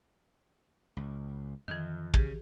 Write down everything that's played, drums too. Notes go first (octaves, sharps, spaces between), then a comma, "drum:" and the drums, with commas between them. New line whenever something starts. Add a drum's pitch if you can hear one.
C#2
F2 D#3 E3
C#3 G4 G#4, drum: kick